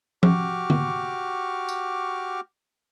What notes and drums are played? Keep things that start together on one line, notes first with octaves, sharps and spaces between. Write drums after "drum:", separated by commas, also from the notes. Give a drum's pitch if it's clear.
F#4 G4 C#6 D6 F6, drum: tom F3
drum: tom D3
drum: tambourine